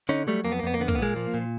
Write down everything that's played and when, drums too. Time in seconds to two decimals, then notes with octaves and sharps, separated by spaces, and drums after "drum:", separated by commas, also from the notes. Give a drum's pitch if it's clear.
0.09 D3 C#4 D#4
0.27 F#3 G3 A3
0.45 F2 A#3
0.52 B3
0.59 A#3
0.63 F2 B3
0.74 A#3
0.80 D3 B3
0.88 A#3, drum: kick
0.95 B3
0.98 A#2 G#3 A#3
1.16 F3
1.34 A#2